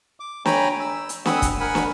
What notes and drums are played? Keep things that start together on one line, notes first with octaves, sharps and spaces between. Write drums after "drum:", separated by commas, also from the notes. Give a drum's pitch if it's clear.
D6
C#5 G5 G#5 A#5 B5, drum: snare
E6
drum: hi-hat
C4 F#5 G#5 B5 D#6 E6, drum: snare
drum: kick, hi-hat
A#4 F#5 G#5 B5
drum: snare